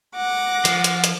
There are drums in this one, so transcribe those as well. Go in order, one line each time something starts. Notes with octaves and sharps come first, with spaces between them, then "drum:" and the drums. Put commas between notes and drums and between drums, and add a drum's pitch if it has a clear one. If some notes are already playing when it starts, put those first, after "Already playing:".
F#5 D6 A#6
F3, drum: hi-hat
drum: hi-hat
drum: hi-hat